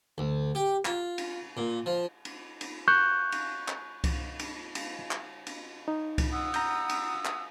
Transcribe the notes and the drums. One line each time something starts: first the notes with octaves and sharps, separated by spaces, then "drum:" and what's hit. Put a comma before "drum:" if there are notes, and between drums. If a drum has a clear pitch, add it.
D2
G4
F4, drum: clap
drum: cymbal
A#2
F3
drum: cymbal
drum: cymbal
C#6 F#6 G6
drum: cymbal
drum: clap
drum: kick C2, cymbal
drum: cymbal
drum: cymbal
drum: clap
drum: cymbal
D#4
drum: kick C2, cymbal
F#5 D#6 E6
A#5 G6, drum: cymbal
drum: cymbal
drum: clap